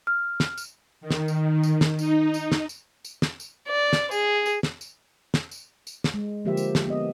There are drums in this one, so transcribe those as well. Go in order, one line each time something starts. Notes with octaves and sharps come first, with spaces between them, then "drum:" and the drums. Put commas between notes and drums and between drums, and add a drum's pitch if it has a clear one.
F6
drum: snare
drum: tambourine
D#3
drum: snare
drum: tambourine
drum: tambourine
drum: snare
D#4, drum: tambourine
drum: tambourine
drum: snare
drum: tambourine
drum: tambourine
drum: snare
drum: tambourine
D5
drum: snare
G#4, drum: tambourine
drum: tambourine
drum: snare
drum: tambourine
drum: snare
drum: tambourine
drum: tambourine
drum: snare
G#3
D3 F3 A#3 G4 C5 E5
drum: tambourine
drum: snare
B3 D#5